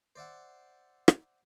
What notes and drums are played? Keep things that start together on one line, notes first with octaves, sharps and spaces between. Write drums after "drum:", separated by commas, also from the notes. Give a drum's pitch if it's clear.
C5 D5 E5 F#5
drum: rim click